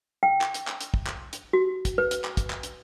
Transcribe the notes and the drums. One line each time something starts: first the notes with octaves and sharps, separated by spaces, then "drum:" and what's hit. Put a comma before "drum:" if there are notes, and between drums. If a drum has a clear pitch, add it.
G5
drum: clap
drum: hi-hat
drum: clap
drum: hi-hat
drum: kick
drum: clap
drum: hi-hat
F#4
drum: kick, hi-hat
B4
drum: hi-hat
drum: clap
drum: kick, hi-hat
drum: clap
drum: hi-hat